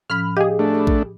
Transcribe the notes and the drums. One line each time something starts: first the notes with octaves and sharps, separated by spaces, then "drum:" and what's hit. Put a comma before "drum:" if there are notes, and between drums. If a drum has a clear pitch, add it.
A2 F3 C#4 B5 F6
G4 G#4 D#5 F5
A3 D4
B5 D6
drum: kick A#1